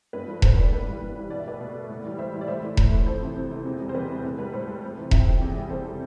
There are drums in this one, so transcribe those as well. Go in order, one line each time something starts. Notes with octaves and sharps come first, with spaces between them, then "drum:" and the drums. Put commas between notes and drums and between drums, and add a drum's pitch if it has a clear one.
G2 B4
F3 A3
G2 A4 C5, drum: kick E1
F3 A3 B4 D5
G2 B4
E3 G3
G2
E3 G3
B2 D5
E5
A3 B4 D5
B2
A3
A2
E3 G3
A2 C5 E5
E3 G3
D5
A2 C5 E5
E3 A3
A2, drum: kick E1
E3 A3
F2 A4 C5
C3 E3
F2
C3 E3
E2
C3 G3
C5
E2 B4
C3 G3
A2 A4
G3 B4
A2 A4 C5
G3
F2
C3 E3
F2 E5 G5, drum: kick E1
C3 E3
E2
C3 G3
E2 A4 C5
C3 G3